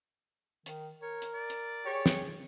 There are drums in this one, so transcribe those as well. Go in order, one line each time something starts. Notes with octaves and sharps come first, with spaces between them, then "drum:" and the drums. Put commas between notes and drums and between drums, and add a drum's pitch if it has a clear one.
D#3, drum: hi-hat
A#4 C#5
drum: hi-hat
D5
drum: hi-hat
G4 G#4 C#5
drum: snare